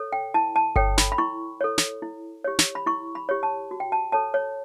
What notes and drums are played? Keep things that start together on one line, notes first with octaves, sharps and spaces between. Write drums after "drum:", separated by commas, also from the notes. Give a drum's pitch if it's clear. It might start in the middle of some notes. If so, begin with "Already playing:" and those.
Already playing: A4 C#5
G5
E4 A5
A5
A4 C#5 G5, drum: kick G1
B5, drum: snare
B5
E4 C#6
A4 C#5
drum: snare
E4
G4 C#5
drum: snare
B5
E4 C#6
B5
G4 C#5
A5
F#4
G5
A5
A4 C#5 A5
C#5